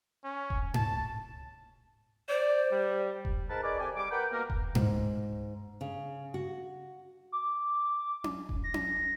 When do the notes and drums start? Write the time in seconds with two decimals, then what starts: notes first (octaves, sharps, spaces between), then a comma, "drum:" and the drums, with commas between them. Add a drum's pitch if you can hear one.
0.24 C#4
0.50 drum: kick E1
0.74 A5, drum: tom G#2
2.29 C5 D5
2.72 G3
3.25 drum: kick E1
3.50 G#2 A#4 B4 A5
3.63 D#4 G#4 A#4 B4 C#5 D5
3.79 C3 A4 D5 G5 G#5
3.97 G3 D6
4.11 A#4 B4 F#5 G5
4.32 B2 A#3 A#4
4.50 drum: kick E1
4.75 G#2, drum: tom G#2
5.81 C#3
6.34 F#4
7.32 D6
8.24 drum: tom C#4
8.49 drum: kick E1
8.64 A#6
8.74 drum: tom C#4